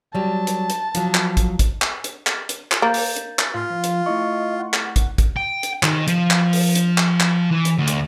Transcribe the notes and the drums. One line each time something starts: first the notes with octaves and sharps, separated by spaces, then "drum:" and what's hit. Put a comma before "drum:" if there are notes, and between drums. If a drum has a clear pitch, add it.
F#3 G3 A5
drum: hi-hat
drum: hi-hat
F3 F#3, drum: hi-hat
drum: clap
drum: kick, hi-hat
drum: kick, hi-hat
drum: clap
drum: hi-hat
drum: clap
drum: hi-hat
drum: clap
A#3 G6 A6
drum: open hi-hat
drum: hi-hat
drum: clap
A2 F4 F5 F6
F3
drum: hi-hat
A3 E4 D#5 C#6
F#5
drum: clap
drum: kick, hi-hat
drum: kick, hi-hat
G5
drum: hi-hat
D#3, drum: clap
F3, drum: hi-hat
drum: clap
drum: open hi-hat
drum: hi-hat
drum: clap
drum: clap
E3
drum: hi-hat
D2
drum: hi-hat